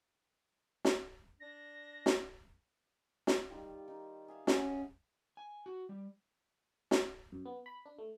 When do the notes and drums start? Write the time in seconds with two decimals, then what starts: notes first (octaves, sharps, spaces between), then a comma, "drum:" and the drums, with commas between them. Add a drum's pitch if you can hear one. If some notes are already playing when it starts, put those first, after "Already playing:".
0.85 drum: snare
1.40 D4 A#6
2.06 drum: snare
3.27 drum: snare
3.50 D#3 G3 F4
3.88 D#3
4.28 G#4 E5 F5
4.47 C#4 F#5, drum: snare
5.37 G#5
5.66 F#4
5.89 G3
6.91 drum: snare
7.32 F#2
7.46 B3
7.66 B5
7.86 D4
7.99 A3